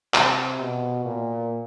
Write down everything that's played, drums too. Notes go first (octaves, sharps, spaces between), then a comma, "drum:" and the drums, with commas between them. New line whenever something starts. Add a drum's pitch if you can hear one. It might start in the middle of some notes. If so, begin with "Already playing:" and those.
C3, drum: clap
B2
A#2